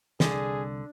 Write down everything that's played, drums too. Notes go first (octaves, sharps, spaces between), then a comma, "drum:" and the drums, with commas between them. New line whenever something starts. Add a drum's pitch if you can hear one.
C2 D3 G#4, drum: snare